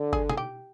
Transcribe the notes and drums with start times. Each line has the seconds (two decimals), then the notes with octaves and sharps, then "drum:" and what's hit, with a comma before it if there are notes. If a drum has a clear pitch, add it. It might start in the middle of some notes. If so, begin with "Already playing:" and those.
Already playing: D3
0.13 G#4, drum: kick G1
0.30 G#4, drum: tom
0.37 G4